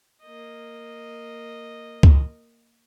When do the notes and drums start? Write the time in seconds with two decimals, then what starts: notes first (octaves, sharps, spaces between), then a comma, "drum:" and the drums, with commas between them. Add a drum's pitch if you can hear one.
0.23 A#3 D#5
2.03 drum: kick C#2